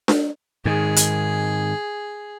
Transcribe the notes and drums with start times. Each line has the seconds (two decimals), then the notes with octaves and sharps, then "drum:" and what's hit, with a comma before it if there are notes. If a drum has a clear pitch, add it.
0.08 drum: snare D4
0.65 G#2 D#3 G#4
0.96 drum: hi-hat